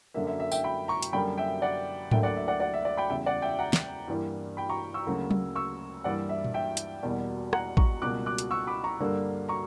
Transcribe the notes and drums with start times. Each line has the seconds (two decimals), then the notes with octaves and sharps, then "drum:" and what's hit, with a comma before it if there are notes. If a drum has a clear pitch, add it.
0.14 F#2 D3 A#3 E5
0.27 E5
0.40 E5
0.52 E5 G5, drum: tambourine
0.64 G5 B5
0.88 A#5 C#6
1.03 drum: hi-hat
1.13 F#2 D3 G3 A#3 G5 B5
1.38 E5 G5
1.62 D5 F#5
2.11 D2 D3 F#3 A#3 E5 G5, drum: tom G#2
2.23 D5 F#5
2.36 E5
2.48 D5 F#5
2.60 D5 F#5
2.73 E5
2.85 D5
2.97 G5 B5
3.10 E2 C#3 G3 E5 G5
3.26 D5 F#5
3.42 E5 G5
3.59 F#5 A#5
3.73 drum: snare
4.08 G2 E3 G3 A#3
4.57 G5 B5
4.69 A#5 C#6
4.94 C#6 E6
5.07 D2 C#3 F#3 A#3
5.31 drum: tom F#3
5.56 C#6 E6
6.04 G2 E3 G3 A#3 D5 F#5
6.29 E5
6.45 drum: tom A#2
6.54 E5 G5
6.77 drum: hi-hat
7.03 E2 B2 G3 A#3
7.53 F#5 A#5, drum: rim click
7.77 A#5 C#6, drum: kick
8.01 C#2 B2 G3 A#3 D6 F#6
8.26 D6 F#6
8.38 drum: hi-hat
8.51 C#6 E6
8.67 B5 D6
8.84 A#5 C#6
9.00 G2 D3 G3 A#3
9.49 A#5 C#6